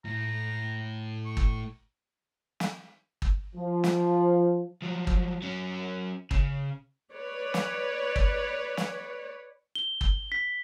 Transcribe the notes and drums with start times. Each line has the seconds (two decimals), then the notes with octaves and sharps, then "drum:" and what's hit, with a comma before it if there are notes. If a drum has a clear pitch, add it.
0.05 A2 A#5
1.25 C#6
1.37 drum: kick
2.60 drum: snare
3.22 drum: kick
3.55 F3
3.84 drum: snare
4.82 F3 F#3
5.07 drum: kick
5.42 F#3 C#4
6.31 C#3, drum: kick
7.12 B4 C#5 D5
7.54 drum: snare
8.16 drum: kick
8.77 drum: snare
9.75 G7
10.01 drum: kick
10.32 B6